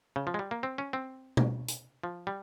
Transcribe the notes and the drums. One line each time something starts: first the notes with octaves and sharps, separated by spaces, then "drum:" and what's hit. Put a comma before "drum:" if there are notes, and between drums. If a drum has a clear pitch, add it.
C#3
F3
G#3
G3
A#3
C4
C#4
C4
drum: tom B2
drum: hi-hat
F3
G3